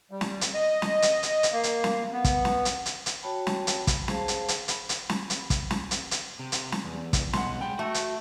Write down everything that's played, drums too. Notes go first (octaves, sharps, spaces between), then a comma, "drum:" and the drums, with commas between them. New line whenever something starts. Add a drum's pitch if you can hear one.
G3
drum: snare
drum: hi-hat
D#5
drum: snare
drum: hi-hat
drum: hi-hat
drum: hi-hat
A#3
drum: hi-hat
drum: snare
B3
drum: kick, hi-hat
drum: snare
drum: hi-hat
drum: hi-hat
drum: hi-hat
F#4 C#5 G5 A5 B5
drum: snare
drum: hi-hat
drum: kick, hi-hat
G#4 C5 F5 A5, drum: snare
drum: hi-hat
drum: hi-hat
B5, drum: hi-hat
drum: hi-hat
drum: snare
drum: hi-hat
drum: kick, hi-hat
drum: snare
drum: hi-hat
drum: hi-hat
C3
drum: hi-hat
drum: snare
E2
drum: kick, hi-hat
B1 F#5 C6, drum: snare
G#3 G5 B5
A3 F#4
drum: hi-hat